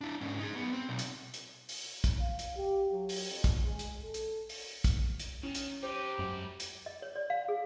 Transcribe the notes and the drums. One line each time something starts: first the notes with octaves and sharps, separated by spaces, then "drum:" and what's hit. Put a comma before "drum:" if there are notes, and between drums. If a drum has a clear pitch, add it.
D4 E4
G#2 C#4
D#4 G#4
F#2 B3
C4
B1
drum: hi-hat
drum: hi-hat
drum: open hi-hat
drum: kick, hi-hat
F5
drum: hi-hat
G4
F#3
drum: open hi-hat
F2
drum: kick, hi-hat
G#3
drum: hi-hat
A4
drum: hi-hat
drum: open hi-hat
drum: kick, hi-hat
drum: hi-hat
D#3 C#4
drum: hi-hat
D#4 G4 B4 C5
F#2 G#3 B5
drum: hi-hat
D#5
C#5
D5
F5
G#4